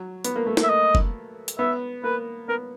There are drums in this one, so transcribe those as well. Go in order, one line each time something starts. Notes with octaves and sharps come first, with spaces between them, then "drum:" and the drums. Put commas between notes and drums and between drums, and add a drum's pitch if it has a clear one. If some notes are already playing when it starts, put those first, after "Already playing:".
Already playing: F#3
B3, drum: hi-hat
A#3
A3
A#3, drum: snare
E5
D#5
drum: kick
drum: hi-hat
B3 E5
A#3 B4
B3 A#4